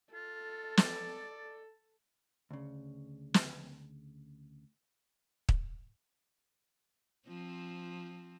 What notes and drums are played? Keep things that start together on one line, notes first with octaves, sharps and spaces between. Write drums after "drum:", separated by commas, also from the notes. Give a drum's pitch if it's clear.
F4 A4
D5, drum: snare
D2 C#3
drum: snare
drum: kick
F3 C4